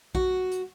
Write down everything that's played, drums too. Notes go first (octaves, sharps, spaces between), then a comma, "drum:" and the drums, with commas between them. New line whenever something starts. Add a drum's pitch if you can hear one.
F#4, drum: kick A#1
drum: hi-hat